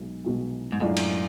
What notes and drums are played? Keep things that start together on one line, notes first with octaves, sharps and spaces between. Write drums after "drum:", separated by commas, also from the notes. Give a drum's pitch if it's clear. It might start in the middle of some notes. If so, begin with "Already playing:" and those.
Already playing: B1 B2 G#3
B1 B2 G#3
G#2
F#2 A2 G#3 D4 F4
drum: cymbal